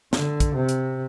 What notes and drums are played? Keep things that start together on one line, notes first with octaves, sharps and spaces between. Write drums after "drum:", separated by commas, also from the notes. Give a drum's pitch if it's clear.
D3, drum: snare
drum: kick, hi-hat
C3
drum: hi-hat